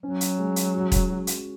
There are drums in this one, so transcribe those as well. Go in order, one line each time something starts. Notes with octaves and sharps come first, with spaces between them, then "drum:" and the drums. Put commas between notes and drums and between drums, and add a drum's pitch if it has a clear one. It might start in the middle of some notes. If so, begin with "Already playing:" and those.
F#3 C#4
drum: hi-hat
G#3
drum: hi-hat
F#4
drum: kick E1, hi-hat
F#4
drum: hi-hat